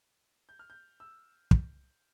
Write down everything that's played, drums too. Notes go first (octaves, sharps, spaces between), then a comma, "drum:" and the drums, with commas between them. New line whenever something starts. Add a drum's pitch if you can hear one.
G6
F6
G6
E6
drum: kick